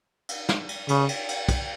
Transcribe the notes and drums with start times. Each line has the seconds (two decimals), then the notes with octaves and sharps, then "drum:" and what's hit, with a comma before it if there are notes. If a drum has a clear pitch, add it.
0.29 drum: cymbal
0.49 drum: snare
0.69 drum: cymbal
0.89 C#3, drum: cymbal
1.09 drum: cymbal
1.29 drum: cymbal
1.49 drum: kick, cymbal